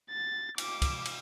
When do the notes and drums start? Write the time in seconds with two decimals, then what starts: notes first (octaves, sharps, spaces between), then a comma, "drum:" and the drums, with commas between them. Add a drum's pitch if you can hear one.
0.11 A6
0.58 D6, drum: cymbal
0.82 drum: kick, cymbal
1.05 drum: cymbal